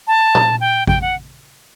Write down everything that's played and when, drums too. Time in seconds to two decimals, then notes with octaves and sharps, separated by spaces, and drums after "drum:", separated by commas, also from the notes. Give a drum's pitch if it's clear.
0.07 A5
0.35 drum: tom A#2
0.60 G5
0.87 G5, drum: kick A1
1.01 F#5